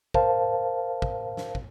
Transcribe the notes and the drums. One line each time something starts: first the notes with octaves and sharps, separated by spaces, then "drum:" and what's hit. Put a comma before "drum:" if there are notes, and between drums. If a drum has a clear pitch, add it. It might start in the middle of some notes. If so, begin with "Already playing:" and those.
A#4 C5 F5 A5, drum: kick
drum: kick
drum: snare
drum: kick